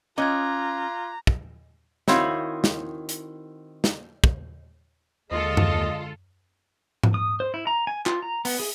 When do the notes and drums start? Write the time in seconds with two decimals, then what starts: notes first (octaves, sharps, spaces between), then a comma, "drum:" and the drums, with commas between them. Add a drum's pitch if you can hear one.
0.18 C#4 F4 D#5 A#5 D6 F#6 G#6
1.27 drum: kick
2.08 D#3 C4 E4 F#4 C#5 F5, drum: snare
2.64 drum: snare
3.09 drum: hi-hat
3.84 drum: snare
4.24 drum: kick
5.31 D#2 D3 G#3 F4 A4 D#5
5.57 drum: tom F#2
7.03 drum: tom G#2
7.14 D#6
7.40 C5
7.54 E4
7.67 A#5
7.87 G#5
8.06 F4, drum: clap
8.22 A#5
8.45 B3, drum: open hi-hat
8.60 G#4